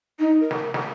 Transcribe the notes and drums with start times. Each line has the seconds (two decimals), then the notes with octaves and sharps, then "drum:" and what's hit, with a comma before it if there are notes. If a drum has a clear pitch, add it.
0.19 D#4
0.41 A#4
0.51 drum: snare
0.74 drum: snare